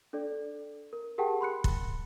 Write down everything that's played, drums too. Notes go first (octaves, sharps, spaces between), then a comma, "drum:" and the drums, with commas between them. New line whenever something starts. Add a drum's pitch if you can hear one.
D4 A4 D5
A#4
G4 G#4 A#4 F#5 G5 A5
B5 C6 F#6 C#7
drum: kick